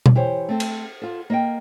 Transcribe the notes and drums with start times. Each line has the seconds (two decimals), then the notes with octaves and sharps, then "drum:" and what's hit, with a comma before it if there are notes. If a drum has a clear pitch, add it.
0.06 drum: tom B2
0.15 E3 G4 C5 C#5
0.49 A3 C4 A4
0.60 drum: cymbal
1.02 F4 A4
1.30 A#3 D#5 G5